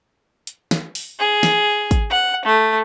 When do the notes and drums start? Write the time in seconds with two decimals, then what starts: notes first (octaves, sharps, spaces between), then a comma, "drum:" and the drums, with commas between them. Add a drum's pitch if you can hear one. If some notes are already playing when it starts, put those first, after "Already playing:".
0.47 drum: hi-hat
0.71 drum: snare
0.95 drum: open hi-hat
1.19 G#4
1.43 drum: snare
1.91 drum: kick, hi-hat
2.11 F#5
2.46 A3